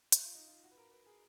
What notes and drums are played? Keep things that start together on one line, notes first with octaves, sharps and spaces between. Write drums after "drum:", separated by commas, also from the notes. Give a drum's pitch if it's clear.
drum: hi-hat
F4
D#4
F4
F#4
B4
A#4
B4
G#4